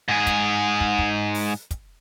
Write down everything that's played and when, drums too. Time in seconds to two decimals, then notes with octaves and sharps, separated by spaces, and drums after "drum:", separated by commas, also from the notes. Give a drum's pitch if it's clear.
0.08 G#2 G#4
0.27 drum: kick, hi-hat
0.81 drum: kick
0.99 drum: kick
1.35 drum: open hi-hat
1.71 drum: kick, hi-hat